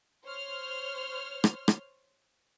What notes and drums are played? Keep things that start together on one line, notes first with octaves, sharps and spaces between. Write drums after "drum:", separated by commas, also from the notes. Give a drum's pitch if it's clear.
C5 C#5 F6
drum: rim click
drum: rim click